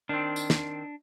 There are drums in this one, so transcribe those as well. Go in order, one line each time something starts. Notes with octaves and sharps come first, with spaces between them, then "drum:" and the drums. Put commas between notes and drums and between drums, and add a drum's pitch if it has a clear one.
D#3 C4 D4
drum: tambourine
drum: snare